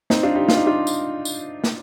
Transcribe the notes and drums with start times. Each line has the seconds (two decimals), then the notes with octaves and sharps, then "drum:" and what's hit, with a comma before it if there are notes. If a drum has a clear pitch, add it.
0.10 C4 D#4, drum: snare
0.23 D4 F4
0.35 D#4 G4
0.49 F4, drum: snare
0.57 D#4
0.66 D4 F4
0.87 drum: tambourine
1.25 drum: tambourine
1.64 drum: snare